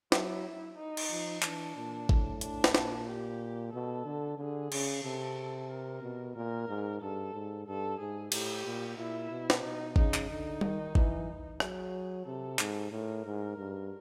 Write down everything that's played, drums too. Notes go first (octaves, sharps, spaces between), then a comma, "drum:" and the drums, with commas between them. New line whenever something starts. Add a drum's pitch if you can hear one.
F#3 E4, drum: snare
D#4
drum: cymbal
F3
E3 D4, drum: clap
A#2
A2, drum: kick G#1
D4, drum: hi-hat
drum: snare
A#2, drum: snare
G4
B2 A4
D3
D3 G#4
C#3, drum: cymbal
C3 A4
A#4
B2
A#2 A#4
G#2
G2 A4
G#2
G2 A4
G#2 G#4
A2 G4, drum: cymbal
A#2
A#2 E4
B2
drum: snare
B2 D#4
C#3 D#4, drum: kick G#1
drum: clap
D3 D#4
D#3, drum: tom G3
E3, drum: kick G#1
F#3 G#4, drum: rim click
C3 A4
G#2, drum: clap
A2 A#4
G#2
G2